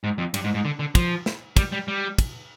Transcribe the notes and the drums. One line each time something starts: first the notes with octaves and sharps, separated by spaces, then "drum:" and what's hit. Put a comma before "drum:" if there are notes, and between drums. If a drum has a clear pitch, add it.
G#2
F2
G2, drum: cymbal
G#2
G#2
D3
D3
F3, drum: kick, cymbal
drum: snare
G3, drum: kick, cymbal
G3
G3
drum: kick, cymbal